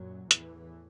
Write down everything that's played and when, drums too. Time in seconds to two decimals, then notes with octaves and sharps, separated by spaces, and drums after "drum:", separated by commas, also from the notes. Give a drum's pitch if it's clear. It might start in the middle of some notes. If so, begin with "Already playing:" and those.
Already playing: F#2 A#2 F#3
0.31 E2 A2 E3, drum: hi-hat